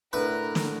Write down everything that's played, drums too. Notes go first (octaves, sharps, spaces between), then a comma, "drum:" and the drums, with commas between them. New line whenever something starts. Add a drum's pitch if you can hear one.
A2 D3 A#4 B4
drum: snare